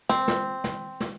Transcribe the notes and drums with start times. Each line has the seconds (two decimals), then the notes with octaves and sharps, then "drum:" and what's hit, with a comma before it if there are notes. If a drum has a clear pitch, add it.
0.09 C4, drum: snare
0.28 drum: snare
0.64 drum: snare
1.00 drum: snare